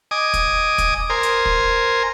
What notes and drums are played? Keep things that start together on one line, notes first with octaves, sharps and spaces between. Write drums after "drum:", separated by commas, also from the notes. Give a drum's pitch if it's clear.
D#5 G#5 D6 D#6
drum: kick, hi-hat
drum: kick, hi-hat
A#4 C5 G#5
drum: hi-hat
drum: kick